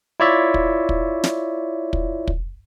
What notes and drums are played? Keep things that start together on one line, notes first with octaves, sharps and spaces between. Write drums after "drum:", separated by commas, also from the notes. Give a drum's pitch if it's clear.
E4 F4 C#5 D5 E5
drum: kick
drum: kick
drum: snare
drum: kick
drum: kick